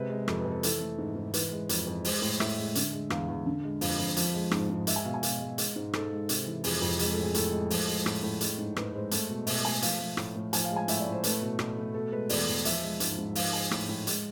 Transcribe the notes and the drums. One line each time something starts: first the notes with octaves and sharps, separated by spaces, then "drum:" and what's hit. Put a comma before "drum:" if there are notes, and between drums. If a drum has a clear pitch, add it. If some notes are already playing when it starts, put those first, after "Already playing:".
Already playing: C3 G#3 B4
G#3
F2 A4, drum: rim click
B4
F2
A4
E3 A4, drum: hi-hat
A3
G#2
G#2
E3 B4, drum: hi-hat
G#3
F2, drum: hi-hat
F2
G#3 C5, drum: open hi-hat
A2
A2 E5, drum: rim click
G#3
D3, drum: hi-hat
G#3
E2 F5, drum: rim click
E2
D3
G#3
F2 F5, drum: open hi-hat
F2
F3, drum: hi-hat
G#3
G#2, drum: rim click
G#2
G#3 E5, drum: hi-hat
G#5
B2 F5
G#5
B2 F5, drum: hi-hat
G#3
G#3, drum: hi-hat
G#2
G#2 A4, drum: rim click
G#3
C3, drum: hi-hat
E3
F2 G#4, drum: open hi-hat
F2
G#3 G#4, drum: hi-hat
A4
A2
G#4
A2 A4, drum: hi-hat
G#3
F3, drum: open hi-hat
G#3
A2, drum: rim click
A2
G#3, drum: hi-hat
G#2
G#2 B4, drum: rim click
G#3 C5
A3, drum: hi-hat
B2
B2 E5, drum: open hi-hat
A3 G#5
F3 F5, drum: hi-hat
A3
A2, drum: rim click
A2
F3 G#5, drum: hi-hat
F5
G#3
G#5
A2 E5, drum: hi-hat
D5
A2
C5
A3 B4, drum: hi-hat
B2
B2, drum: rim click
A3
B2 A4
G#3 B4
E2 D5, drum: open hi-hat
E2
F3 E5, drum: hi-hat
G#3
G#2, drum: hi-hat
G#2
F3 F5, drum: open hi-hat
G#3 G#5
A2, drum: rim click
A2
G#3, drum: hi-hat